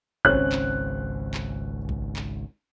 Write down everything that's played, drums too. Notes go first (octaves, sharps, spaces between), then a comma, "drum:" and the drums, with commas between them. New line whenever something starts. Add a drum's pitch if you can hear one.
G#1 C#2 C4 C#4 C#5 F#6, drum: kick
drum: clap
drum: clap
drum: kick
drum: clap